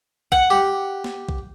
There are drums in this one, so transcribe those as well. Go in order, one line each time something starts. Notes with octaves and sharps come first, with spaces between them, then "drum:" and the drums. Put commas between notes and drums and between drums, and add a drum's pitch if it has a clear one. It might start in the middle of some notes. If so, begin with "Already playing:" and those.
F#5, drum: kick A#1
G4
drum: snare
drum: kick A#1